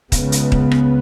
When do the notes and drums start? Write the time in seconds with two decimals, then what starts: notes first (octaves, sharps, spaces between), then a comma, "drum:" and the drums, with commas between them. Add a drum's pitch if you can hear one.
0.12 C#2 C#3 B3, drum: kick D#1, hi-hat
0.32 drum: hi-hat
0.52 drum: kick D#1
0.71 drum: rim click